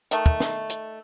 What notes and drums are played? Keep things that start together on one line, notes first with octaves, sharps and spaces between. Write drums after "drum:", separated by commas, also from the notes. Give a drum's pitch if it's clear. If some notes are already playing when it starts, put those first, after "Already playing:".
D#3 A3, drum: hi-hat
drum: kick
drum: snare
drum: hi-hat